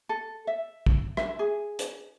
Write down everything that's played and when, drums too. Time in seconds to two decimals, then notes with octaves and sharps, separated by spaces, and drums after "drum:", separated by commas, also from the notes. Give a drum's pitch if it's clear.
0.09 A4
0.47 E5
0.86 drum: kick
1.17 E5, drum: rim click
1.39 G#4
1.79 drum: hi-hat